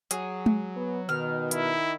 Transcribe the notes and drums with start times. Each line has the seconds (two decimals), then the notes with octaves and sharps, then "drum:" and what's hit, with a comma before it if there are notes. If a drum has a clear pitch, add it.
0.11 F#3 G#4, drum: hi-hat
0.46 drum: tom G#3
0.76 B3
1.09 B2 D#3 F6
1.51 E4, drum: hi-hat